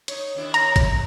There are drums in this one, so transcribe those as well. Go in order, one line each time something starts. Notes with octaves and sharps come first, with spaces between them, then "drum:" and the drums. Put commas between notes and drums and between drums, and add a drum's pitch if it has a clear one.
D#4 C#5, drum: hi-hat
D#2 D4 E4
A#5, drum: hi-hat
drum: kick, hi-hat